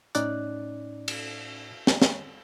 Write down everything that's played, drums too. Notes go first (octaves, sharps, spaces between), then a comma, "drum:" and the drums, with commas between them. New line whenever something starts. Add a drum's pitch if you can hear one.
A2 C#4 D#4 D5 F#6, drum: hi-hat
drum: cymbal
drum: snare
drum: snare